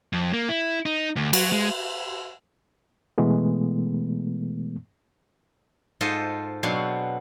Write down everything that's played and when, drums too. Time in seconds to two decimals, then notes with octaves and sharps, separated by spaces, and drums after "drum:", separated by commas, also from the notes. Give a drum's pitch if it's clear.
0.13 F2
0.33 A#3
0.49 E4
0.86 D#4
1.16 D2
1.33 F#3, drum: cymbal
1.52 G#3
3.18 B2 E3 G#3 A3 B3
6.01 G#2 F4 A4 C5 D#5 C6
6.63 B2 F#3 B3 C4 D4 F5